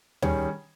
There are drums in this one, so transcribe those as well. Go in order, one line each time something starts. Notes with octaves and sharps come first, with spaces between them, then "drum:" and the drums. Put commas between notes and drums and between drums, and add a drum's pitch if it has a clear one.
D#3 G3 C#4 G#4 C#5, drum: tom